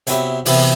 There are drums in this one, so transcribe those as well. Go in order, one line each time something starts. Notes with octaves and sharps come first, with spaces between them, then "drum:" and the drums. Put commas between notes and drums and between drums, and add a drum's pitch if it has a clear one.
C3 F#3 B3 E4 G4, drum: hi-hat
C3 E3 B3 E4 B4, drum: open hi-hat